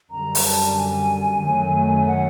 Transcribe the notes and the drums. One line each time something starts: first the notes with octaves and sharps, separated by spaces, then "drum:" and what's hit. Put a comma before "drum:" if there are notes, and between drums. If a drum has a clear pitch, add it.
F#2 D3 G3 A#5
drum: open hi-hat
A5
G#5
F#2 D#3 F#3 A3
F#5